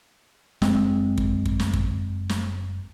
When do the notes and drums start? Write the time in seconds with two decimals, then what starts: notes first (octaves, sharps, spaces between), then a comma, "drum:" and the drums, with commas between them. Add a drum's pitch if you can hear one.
0.62 F#1 G#3 C4, drum: snare
1.18 drum: kick
1.46 drum: kick
1.60 drum: snare
1.74 drum: kick
2.29 drum: snare